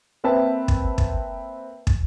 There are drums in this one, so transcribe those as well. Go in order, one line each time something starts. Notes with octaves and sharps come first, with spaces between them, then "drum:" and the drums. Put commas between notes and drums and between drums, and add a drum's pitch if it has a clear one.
A#3 C4 B4 E5 A5
drum: kick
drum: kick
drum: kick